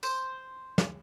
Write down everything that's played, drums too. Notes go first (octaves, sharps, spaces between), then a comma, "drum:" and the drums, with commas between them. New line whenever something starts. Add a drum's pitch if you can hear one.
C5, drum: tambourine
drum: snare